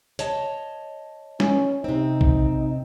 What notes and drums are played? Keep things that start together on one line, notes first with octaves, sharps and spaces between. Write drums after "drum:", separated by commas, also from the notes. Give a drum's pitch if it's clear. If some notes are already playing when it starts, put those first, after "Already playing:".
C#5 D#5 A5, drum: hi-hat
C#4, drum: snare
C3 C4 D#4
drum: kick A#1